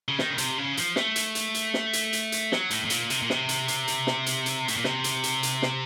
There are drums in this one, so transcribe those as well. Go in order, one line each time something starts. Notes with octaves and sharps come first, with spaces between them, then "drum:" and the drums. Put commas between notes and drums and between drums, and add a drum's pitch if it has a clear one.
C#3
D#3, drum: snare
C#3
C3, drum: hi-hat
C#3
F3, drum: hi-hat
A3, drum: snare
drum: hi-hat
drum: hi-hat
drum: hi-hat
drum: snare
drum: hi-hat
drum: hi-hat
drum: hi-hat
F#3, drum: snare
A2, drum: hi-hat
A2
A#2, drum: hi-hat
C3, drum: hi-hat
A#2
C3, drum: snare
drum: hi-hat
drum: hi-hat
drum: hi-hat
drum: snare
drum: hi-hat
drum: hi-hat
A2, drum: hi-hat
A#2
C3, drum: snare
drum: hi-hat
drum: hi-hat
drum: hi-hat
drum: snare